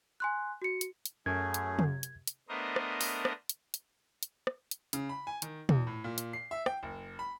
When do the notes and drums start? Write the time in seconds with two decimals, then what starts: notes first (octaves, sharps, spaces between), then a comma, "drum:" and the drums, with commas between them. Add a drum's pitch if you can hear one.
0.20 G#5 C6 F#6
0.62 F#4 C#7
0.81 drum: hi-hat
1.06 drum: hi-hat
1.26 F#2 A3 C#4 G#4 G#6
1.54 drum: hi-hat
1.79 drum: tom
2.03 drum: hi-hat
2.27 drum: hi-hat
2.49 A3 B3 D4 A#4 C5 D#5
2.76 drum: rim click
3.01 drum: open hi-hat
3.25 drum: rim click
3.49 drum: hi-hat
3.74 drum: hi-hat
4.23 drum: hi-hat
4.47 drum: rim click
4.71 drum: hi-hat
4.93 C#3, drum: hi-hat
5.09 B5
5.27 G#5
5.42 D#3, drum: hi-hat
5.69 E2, drum: tom
5.87 A2
6.04 A#2
6.18 drum: hi-hat
6.33 C7
6.51 E5
6.66 G5, drum: rim click
6.83 F#1
7.19 B5